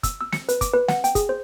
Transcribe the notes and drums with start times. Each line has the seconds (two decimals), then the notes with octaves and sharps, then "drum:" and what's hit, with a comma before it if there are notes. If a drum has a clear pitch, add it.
0.03 E6, drum: kick, hi-hat
0.21 E6
0.32 C#7, drum: snare
0.49 B4, drum: hi-hat
0.61 D6, drum: kick, hi-hat
0.74 B4
0.88 F#5, drum: snare
1.04 G5, drum: hi-hat
1.15 G#4, drum: kick, hi-hat
1.29 C5